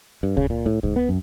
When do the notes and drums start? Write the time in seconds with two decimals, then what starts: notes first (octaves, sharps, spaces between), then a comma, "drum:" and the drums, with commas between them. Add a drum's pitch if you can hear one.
0.23 G2
0.37 C#3, drum: kick C#2
0.50 A#2
0.66 A2
0.83 G#2, drum: kick C#2
0.96 B3
1.09 F#2